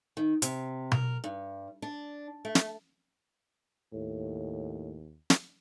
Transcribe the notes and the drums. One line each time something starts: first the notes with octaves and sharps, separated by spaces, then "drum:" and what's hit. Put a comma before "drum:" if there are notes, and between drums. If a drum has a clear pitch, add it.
D#3
C3, drum: hi-hat
A#4, drum: tom B2
G2
D4
A3
drum: snare
D#2 A2
drum: snare